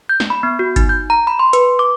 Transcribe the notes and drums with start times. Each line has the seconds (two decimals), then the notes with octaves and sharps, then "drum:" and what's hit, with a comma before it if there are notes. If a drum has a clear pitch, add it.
0.09 G6
0.20 drum: snare
0.30 B5
0.43 B3
0.59 F#4
0.76 D#4, drum: kick G1, hi-hat
0.89 G6
1.10 A#5
1.27 B5
1.39 C6
1.53 B4, drum: hi-hat
1.79 D6